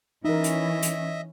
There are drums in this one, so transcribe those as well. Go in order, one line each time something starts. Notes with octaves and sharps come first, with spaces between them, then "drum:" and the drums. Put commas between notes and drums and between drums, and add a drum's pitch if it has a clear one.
E3 C#4 D#4 A#4 D#5 E5
drum: hi-hat
drum: hi-hat